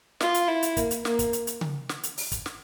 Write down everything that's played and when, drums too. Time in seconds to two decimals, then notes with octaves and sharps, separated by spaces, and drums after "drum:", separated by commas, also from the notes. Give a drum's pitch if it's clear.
0.21 F4, drum: snare
0.34 drum: hi-hat
0.48 E4
0.63 drum: hi-hat
0.77 A#3, drum: kick, hi-hat
0.91 drum: hi-hat
1.05 A#3, drum: snare
1.19 drum: kick, hi-hat
1.33 drum: hi-hat
1.47 drum: hi-hat
1.61 drum: tom C#3
1.89 drum: snare
2.03 drum: hi-hat
2.17 drum: open hi-hat
2.32 drum: kick, hi-hat
2.46 drum: snare